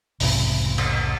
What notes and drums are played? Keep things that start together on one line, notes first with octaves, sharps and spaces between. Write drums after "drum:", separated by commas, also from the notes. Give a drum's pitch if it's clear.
E1 B1 G#2 C3, drum: open hi-hat
drum: cymbal